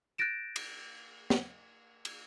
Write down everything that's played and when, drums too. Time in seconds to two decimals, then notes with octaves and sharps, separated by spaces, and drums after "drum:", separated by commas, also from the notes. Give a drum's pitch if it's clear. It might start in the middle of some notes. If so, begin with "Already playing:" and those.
0.18 F#6 G6 A6 A#6 D7 E7
0.56 drum: cymbal
1.30 drum: snare
2.05 drum: cymbal